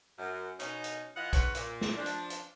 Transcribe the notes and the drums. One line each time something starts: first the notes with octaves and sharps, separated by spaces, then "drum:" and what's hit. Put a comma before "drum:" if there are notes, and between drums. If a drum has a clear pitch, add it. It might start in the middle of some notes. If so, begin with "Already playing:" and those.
F#2
B2 C#4 D#4, drum: hi-hat
drum: hi-hat
E3 E4 F4 D#5 F#5
G#2 B3 C#4 B4 C#5 F#5, drum: kick, hi-hat
A#2, drum: hi-hat
drum: snare
F3 D4
drum: hi-hat
drum: hi-hat